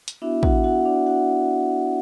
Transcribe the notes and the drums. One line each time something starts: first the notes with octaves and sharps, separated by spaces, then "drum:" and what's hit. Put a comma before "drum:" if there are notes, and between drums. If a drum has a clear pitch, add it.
drum: hi-hat
B3 D4 E4 F#4 E5
F#4 F#5, drum: kick
F#4 F#5
D4 D5
F#4 F#5